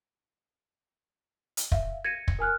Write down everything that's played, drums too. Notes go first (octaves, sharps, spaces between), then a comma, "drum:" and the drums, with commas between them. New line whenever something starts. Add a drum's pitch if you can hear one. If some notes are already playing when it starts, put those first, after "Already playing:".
drum: hi-hat
E5 F5, drum: kick
G#6 A#6 C#7 D#7
drum: kick
A#4 G#5 F6 F#6